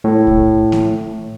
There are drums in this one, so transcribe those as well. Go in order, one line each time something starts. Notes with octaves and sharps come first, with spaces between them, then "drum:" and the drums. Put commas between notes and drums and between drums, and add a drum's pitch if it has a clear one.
A2
drum: kick
drum: snare A#3